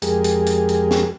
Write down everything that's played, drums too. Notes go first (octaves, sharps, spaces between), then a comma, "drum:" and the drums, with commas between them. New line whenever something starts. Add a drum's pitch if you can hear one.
F2 G#3 G4 G#4 A#4, drum: hi-hat
drum: hi-hat
drum: hi-hat
drum: hi-hat
drum: snare